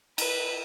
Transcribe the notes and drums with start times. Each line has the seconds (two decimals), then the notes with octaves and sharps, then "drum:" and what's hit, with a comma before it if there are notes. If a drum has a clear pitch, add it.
0.18 B4, drum: cymbal